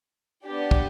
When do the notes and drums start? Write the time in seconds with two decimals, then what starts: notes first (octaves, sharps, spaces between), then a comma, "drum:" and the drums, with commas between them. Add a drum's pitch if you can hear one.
0.45 B3 D4 G4
0.71 drum: kick